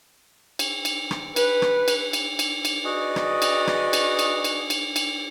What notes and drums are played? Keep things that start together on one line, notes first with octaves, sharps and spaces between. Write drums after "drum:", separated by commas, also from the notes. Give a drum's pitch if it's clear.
drum: cymbal
drum: cymbal
drum: rim click
B4, drum: cymbal
drum: rim click
drum: cymbal
drum: cymbal
drum: cymbal
drum: cymbal
F#4 G#4 B4 D5 D#5
drum: rim click
drum: cymbal
drum: rim click
drum: cymbal
drum: cymbal
drum: cymbal
drum: cymbal
drum: cymbal